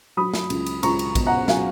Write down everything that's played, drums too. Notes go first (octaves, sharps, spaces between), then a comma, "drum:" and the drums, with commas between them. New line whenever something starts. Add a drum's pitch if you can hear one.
F#3 B5 D#6
drum: snare
C#2, drum: cymbal
drum: cymbal
C#2 A#5 C#6, drum: cymbal
drum: cymbal
B2, drum: kick, cymbal
F#5 A#5
F#3 F5 G#5, drum: snare